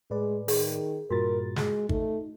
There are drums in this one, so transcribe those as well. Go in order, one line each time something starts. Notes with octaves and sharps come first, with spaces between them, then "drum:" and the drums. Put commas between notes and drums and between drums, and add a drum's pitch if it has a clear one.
A2 G#3 B4 D5
D#3 G#4, drum: open hi-hat
G2 A#2 F4 F#4 A#4 A6
G#3, drum: snare
A3 D#4, drum: kick